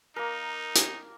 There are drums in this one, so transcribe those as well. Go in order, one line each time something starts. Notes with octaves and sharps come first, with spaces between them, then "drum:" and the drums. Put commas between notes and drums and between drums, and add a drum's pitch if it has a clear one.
A#3 D#4 A#4
drum: hi-hat